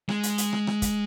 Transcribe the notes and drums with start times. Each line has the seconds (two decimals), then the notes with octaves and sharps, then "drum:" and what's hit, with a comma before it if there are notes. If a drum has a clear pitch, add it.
0.09 G#3, drum: rim click
0.23 drum: hi-hat
0.38 drum: hi-hat
0.53 drum: rim click
0.67 drum: rim click
0.82 drum: kick, hi-hat